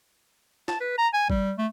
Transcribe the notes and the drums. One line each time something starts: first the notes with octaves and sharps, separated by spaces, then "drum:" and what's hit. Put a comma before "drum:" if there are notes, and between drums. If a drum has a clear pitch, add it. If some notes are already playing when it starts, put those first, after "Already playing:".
A5, drum: snare
B4
A#5
G#5
G3, drum: kick
A3